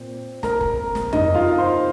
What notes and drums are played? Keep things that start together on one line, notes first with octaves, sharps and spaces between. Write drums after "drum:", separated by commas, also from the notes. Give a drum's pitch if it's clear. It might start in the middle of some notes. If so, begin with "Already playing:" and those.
Already playing: A#2 C4
A#4 A#5, drum: snare
drum: kick
drum: snare
D#4 D#5, drum: tom F2
F4 F5
C5 C6